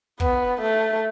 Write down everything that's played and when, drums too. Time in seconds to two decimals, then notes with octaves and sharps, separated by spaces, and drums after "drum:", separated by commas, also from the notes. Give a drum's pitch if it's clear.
0.20 B3, drum: kick
0.61 A3